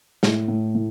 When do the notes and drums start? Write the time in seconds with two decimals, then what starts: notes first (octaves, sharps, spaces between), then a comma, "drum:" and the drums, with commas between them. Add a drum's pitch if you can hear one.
0.23 A2, drum: snare
0.48 A2
0.75 A2